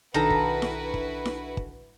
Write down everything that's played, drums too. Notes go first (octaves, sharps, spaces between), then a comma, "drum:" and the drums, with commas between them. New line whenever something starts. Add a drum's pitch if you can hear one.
B1 D#3 D4 E4 F#4 A4 B4 A#5
drum: kick
drum: snare E4
drum: kick
drum: snare E4
drum: kick